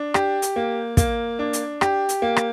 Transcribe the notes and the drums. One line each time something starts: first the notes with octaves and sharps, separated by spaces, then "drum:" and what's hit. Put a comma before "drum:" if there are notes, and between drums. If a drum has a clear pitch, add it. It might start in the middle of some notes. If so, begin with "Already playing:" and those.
Already playing: D4
G4, drum: rim click
drum: hi-hat
A#3
A#3, drum: kick, hi-hat
D4
drum: hi-hat
G4, drum: rim click
drum: hi-hat
A#3
drum: rim click